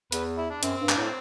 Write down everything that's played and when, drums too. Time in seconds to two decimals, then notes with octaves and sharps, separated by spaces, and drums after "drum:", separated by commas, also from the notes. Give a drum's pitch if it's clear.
0.12 E2 B4, drum: hi-hat
0.38 E4
0.50 D4
0.63 F#2 C4, drum: hi-hat
0.76 C4
0.81 G2
0.89 D4, drum: clap
0.97 A2 A3 C4